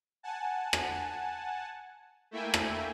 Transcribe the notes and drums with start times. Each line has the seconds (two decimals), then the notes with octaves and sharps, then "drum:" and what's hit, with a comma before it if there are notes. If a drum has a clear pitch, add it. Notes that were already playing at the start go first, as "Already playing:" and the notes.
0.23 F#5 G#5 A5
0.73 drum: rim click
2.31 A3 A#3 E4 E5 G5 G#5
2.54 drum: rim click